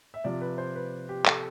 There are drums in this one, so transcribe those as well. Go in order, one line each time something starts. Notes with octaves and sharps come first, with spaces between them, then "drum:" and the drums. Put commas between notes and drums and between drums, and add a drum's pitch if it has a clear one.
E5
C3 F3 D5
B4
C5
B4
G4
A4, drum: clap